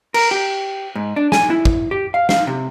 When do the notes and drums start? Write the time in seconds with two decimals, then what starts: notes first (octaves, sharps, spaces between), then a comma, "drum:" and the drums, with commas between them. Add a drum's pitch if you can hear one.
0.14 A#4, drum: cymbal
0.31 G4
0.95 G#2
1.16 D4
1.32 G#5, drum: snare
1.50 E4
1.65 drum: kick
1.91 G4
2.14 F5
2.29 F5, drum: snare
2.47 C3